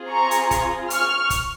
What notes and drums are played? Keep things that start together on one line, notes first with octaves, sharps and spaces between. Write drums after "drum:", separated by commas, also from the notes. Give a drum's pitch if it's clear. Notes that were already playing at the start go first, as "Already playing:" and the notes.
Already playing: C4 F4 G#4
A#5 C#6
drum: hi-hat
drum: kick, hi-hat
C#6 F6, drum: hi-hat
drum: kick, hi-hat